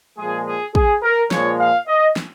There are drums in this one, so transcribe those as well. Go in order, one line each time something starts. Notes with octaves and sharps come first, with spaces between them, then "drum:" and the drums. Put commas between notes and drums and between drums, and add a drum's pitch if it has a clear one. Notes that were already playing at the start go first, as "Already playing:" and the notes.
A#2 F3 G#3 G#4
G#4
G#4, drum: kick
A#4
A#2 F3 G#3 C#5, drum: snare
F5
D#5
drum: snare